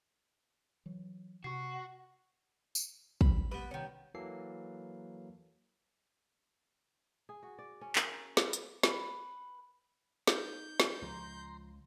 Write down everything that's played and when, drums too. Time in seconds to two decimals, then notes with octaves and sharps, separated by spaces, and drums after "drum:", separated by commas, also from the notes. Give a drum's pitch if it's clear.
0.86 E3 F#3
1.44 C3 F#4 C#6 C7
2.75 drum: tambourine
3.21 B5, drum: kick
3.52 G3 B3 B4
3.71 D#3 C#4
4.14 E3 F#3 A#3 A4 C7
7.29 G#4
7.43 F#4
7.59 D5
7.81 C#4
7.96 A#4, drum: clap
8.37 B4, drum: snare
8.53 drum: hi-hat
8.83 B4, drum: snare
10.27 D#4 G6, drum: snare
10.80 drum: snare
11.02 C#2 F3 A#5 C6